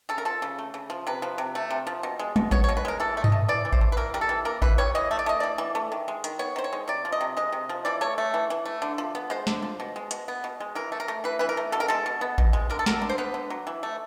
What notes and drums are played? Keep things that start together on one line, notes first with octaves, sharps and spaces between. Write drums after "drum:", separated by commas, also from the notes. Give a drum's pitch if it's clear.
C#3 A4
A#4
F3 A4
C#3
A3
C#3
F3
C3 B4
F3
C3
A3
C3
F3
B2
G#3
B2, drum: tom
B3 C#5, drum: kick A1
C#5
B2
B4
G#3 A#4
E3 A4
A3
D#5, drum: tom G2
A3
E3 D5
E3
C5, drum: kick A1
A3
B4
E3 A#4
G3 A#4
A4
E3
A#3 A#4
E3 B4, drum: kick A1
G3 C#5
E3 D#5
A3
D5
A3 D#5
E3 D5
E3
A3
D#3
G#3
D#3, drum: hi-hat
B3 C#5
D#3 C5
C#5
G#3
C3 D5
F3
D#5
C3
G#3 D#5
C3
F3
E3 D5
A3 C#5
A3
E3
E3
A3
D3
F3
B3
G#3 C5
D3, drum: snare
F3
B2
G#3
B2, drum: hi-hat
B3
B2
G#3
E3 A#4
A3
A#4
A3
E3 B4
E3 B4
A#4
A3
B2 A4
A#4
G#3 A4
B2
B3
B2, drum: kick A1
G#3
D3 A#4
A4
F#3 A#4, drum: snare
D3
C5
B3 B4
D3
F#3
E3
A3